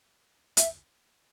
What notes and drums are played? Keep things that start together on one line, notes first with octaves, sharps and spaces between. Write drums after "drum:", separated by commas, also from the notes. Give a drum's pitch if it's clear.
E5, drum: hi-hat